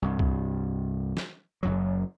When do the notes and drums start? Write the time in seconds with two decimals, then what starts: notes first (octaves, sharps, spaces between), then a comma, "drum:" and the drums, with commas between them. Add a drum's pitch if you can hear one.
0.02 C2 G2
0.19 drum: kick
1.17 drum: snare
1.63 F#1 F#2 F#3